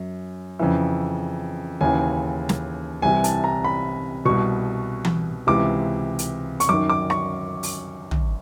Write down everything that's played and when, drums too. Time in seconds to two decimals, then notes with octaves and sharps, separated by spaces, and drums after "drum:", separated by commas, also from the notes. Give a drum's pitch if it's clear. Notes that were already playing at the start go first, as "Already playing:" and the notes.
Already playing: F#2
0.59 F2 C#3 E3
1.81 D#2 C#3 E3 G#5
2.49 drum: snare
3.02 C2 C3 E3 G#5
3.24 A5, drum: hi-hat
3.44 A#5
3.64 B5
4.25 C2 B2 C#6
5.05 drum: tom E3
5.47 C#2 C3 E3 D6
6.19 drum: hi-hat
6.60 C#6, drum: hi-hat
6.69 F#2 D#3 D6
6.90 D6
7.10 C#6, drum: rim click
7.63 drum: open hi-hat
8.11 drum: tom